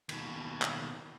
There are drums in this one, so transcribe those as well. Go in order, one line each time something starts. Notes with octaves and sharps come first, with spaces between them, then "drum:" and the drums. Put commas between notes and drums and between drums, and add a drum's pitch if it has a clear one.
D#2 B2, drum: cymbal
drum: clap